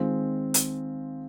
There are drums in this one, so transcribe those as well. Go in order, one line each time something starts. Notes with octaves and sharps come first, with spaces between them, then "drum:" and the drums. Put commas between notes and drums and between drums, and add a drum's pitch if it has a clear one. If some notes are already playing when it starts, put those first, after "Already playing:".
Already playing: D#3 G#3 C4 F4
drum: hi-hat